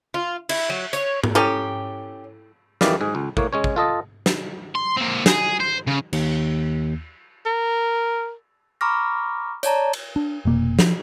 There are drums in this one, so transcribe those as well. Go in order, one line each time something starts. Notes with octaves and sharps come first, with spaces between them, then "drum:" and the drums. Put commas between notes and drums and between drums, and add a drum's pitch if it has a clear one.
F4
E4, drum: cymbal
F#3
C#5, drum: hi-hat
drum: tom G#2
C#4 E4 G4 A4 G5
F2 D#3 E3 G3 D5 F5, drum: snare
G#2 G#4
C#2
A2 A#3 C#5, drum: kick
G#3 C#4 C#5
drum: kick
F4 A4 D#5
drum: snare
C6
A#3 C4
G#4, drum: snare
C5
C#3
D#2, drum: cymbal
A#4
A#5 B5 C#6 D6 F6 A#6
C#5 D5 A5 A#5, drum: hi-hat
drum: cymbal
D4
F1 B2 A#3
F3, drum: snare